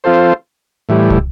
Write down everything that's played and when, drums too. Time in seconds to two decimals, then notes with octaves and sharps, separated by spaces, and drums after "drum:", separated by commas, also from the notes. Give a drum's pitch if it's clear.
0.04 F3 C4 F4 A4 C5
0.89 A2 E3 G3
1.10 drum: kick